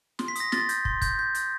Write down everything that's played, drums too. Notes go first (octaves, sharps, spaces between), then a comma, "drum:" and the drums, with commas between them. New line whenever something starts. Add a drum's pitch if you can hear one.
C6, drum: snare
B6
D#6 A#6, drum: hi-hat
C6 A6, drum: snare
G6, drum: hi-hat
C6, drum: kick
G6, drum: kick, hi-hat
G6
G6, drum: hi-hat